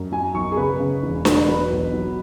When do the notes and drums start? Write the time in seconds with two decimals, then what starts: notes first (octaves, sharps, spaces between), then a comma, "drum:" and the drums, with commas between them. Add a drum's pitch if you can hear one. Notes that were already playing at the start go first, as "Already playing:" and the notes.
Already playing: F#2
0.12 F#3 G#5
0.34 B1 C#6
0.52 G#4
0.57 C#3 B4
0.79 C#3
1.03 E1
1.25 E1, drum: snare D4
1.48 F#3 B4
1.70 B1
1.93 F#3